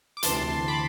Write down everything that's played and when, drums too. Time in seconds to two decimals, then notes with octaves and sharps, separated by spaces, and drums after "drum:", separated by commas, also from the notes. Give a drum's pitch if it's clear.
0.17 D6
0.23 D2 C3 E3 A5 C6, drum: hi-hat
0.68 B5 D6